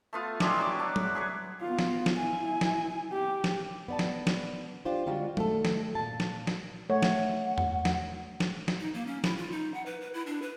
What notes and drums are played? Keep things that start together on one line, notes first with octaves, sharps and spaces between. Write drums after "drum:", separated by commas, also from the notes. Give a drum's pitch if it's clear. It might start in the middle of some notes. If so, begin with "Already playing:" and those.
A3 B3 F4
G3 G#3 D4 E4, drum: snare
F#3 D6
D4 F#5
drum: tom F#3
G#4 B4 C#5
B3 F4
drum: snare
drum: snare
E4 G#5
drum: snare
G4
drum: snare
B3 D5 A5
drum: snare
drum: snare
D4 F4 G4 C5
D3 G3 G#3 D4 F4 F#4
D#3 A3 A4, drum: tom F#3
drum: snare
A#2 A5
drum: snare
drum: snare
A3 C#5 F#5
drum: snare
drum: tom E2
drum: snare
drum: snare
drum: snare
D#4
A#3
C#4
E4, drum: snare
F4
D#4
F#5
B4
B4
E4
D4
B4